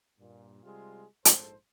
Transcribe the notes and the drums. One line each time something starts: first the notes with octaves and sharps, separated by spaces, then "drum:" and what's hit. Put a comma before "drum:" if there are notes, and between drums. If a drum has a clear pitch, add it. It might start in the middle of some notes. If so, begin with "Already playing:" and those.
G2 A#2
C3 G3 G#3 F4 G#4
A#1 G#2 A4 C5, drum: hi-hat